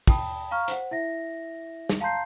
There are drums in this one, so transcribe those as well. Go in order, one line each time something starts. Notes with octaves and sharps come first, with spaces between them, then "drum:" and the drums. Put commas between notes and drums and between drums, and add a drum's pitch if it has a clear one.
G5 A5 B5 D#6, drum: kick, open hi-hat
F5 A#5 C#6 F6
C5 F#5, drum: hi-hat
E4 E5 A#6
drum: snare
F5 A5 A#5 C6 G6 C7